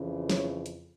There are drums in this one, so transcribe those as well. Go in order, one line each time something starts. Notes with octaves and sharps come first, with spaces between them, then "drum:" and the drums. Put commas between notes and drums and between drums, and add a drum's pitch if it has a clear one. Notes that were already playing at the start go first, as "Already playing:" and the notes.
Already playing: F2 C#3 E3
C#5, drum: snare
drum: hi-hat